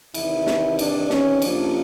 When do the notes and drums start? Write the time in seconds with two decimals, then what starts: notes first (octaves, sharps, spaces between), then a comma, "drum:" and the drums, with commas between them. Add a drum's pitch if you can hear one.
0.14 E2 C3 D#3 E4, drum: cymbal
0.47 drum: snare
0.79 D4, drum: cymbal
1.10 C#4, drum: snare
1.42 F2 C3 F3 A#3 C#4 D4, drum: cymbal